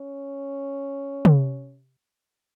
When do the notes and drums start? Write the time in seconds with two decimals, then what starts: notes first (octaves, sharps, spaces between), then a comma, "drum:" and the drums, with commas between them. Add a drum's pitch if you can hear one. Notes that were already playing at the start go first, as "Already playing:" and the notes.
Already playing: C#4
1.25 drum: tom